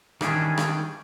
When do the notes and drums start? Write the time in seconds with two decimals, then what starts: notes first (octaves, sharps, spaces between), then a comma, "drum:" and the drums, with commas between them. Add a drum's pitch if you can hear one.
0.21 D#3 E3 G3 C#4 D4 G#4, drum: rim click
0.58 drum: rim click